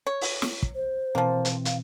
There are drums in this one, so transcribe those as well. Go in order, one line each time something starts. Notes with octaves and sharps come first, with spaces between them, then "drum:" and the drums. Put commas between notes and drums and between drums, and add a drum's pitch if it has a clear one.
C#5
drum: open hi-hat
drum: snare
drum: kick
C5
B2 E3 F3 A#3 C4
drum: hi-hat
F5, drum: hi-hat